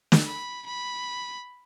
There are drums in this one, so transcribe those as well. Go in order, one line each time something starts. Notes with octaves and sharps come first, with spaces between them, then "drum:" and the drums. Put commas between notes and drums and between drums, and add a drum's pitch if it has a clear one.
drum: snare
B5
B5